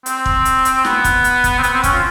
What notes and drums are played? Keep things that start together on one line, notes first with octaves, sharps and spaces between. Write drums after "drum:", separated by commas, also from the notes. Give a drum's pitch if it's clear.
C4, drum: hi-hat
drum: kick
drum: hi-hat
drum: hi-hat
B3, drum: snare
drum: kick, hi-hat
drum: hi-hat
drum: kick, hi-hat
C4
B3, drum: hi-hat
C4
C#4, drum: kick, hi-hat
F4